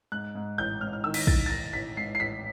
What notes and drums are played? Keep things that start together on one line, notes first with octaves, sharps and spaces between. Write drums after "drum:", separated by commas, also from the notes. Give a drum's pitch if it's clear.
G#2 F#6
G#2
A1 G6
G#2 F6
F6
D#3 E6
B6, drum: cymbal
A#6
A1 A6, drum: kick
A6
D#3 A#6
A1 B6
G#2 C7
C7
A1 B6